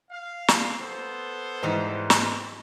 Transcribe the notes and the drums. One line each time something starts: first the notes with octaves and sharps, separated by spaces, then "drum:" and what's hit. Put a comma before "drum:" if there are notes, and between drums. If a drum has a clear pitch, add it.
F5
drum: snare
B3 A4 C5
G#2 E3 G3 D#4
drum: snare